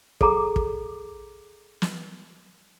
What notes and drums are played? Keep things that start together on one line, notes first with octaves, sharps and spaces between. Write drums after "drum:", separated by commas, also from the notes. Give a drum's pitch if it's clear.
G#4 A4 F#5 A#5 D6, drum: kick
drum: kick
drum: snare